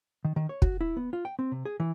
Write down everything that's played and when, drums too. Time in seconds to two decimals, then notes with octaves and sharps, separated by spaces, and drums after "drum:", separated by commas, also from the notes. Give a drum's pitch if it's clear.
0.25 D#3
0.36 D#3
0.49 C#5
0.62 F#4, drum: kick
0.81 E4
0.97 B3
1.13 F4
1.25 G5
1.39 C4
1.52 C3
1.65 G#4
1.80 E3